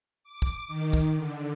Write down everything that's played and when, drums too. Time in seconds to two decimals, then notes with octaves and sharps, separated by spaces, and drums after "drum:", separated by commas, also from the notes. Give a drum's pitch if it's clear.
0.24 D6
0.42 drum: kick
0.68 D#3
0.93 drum: kick
1.16 D3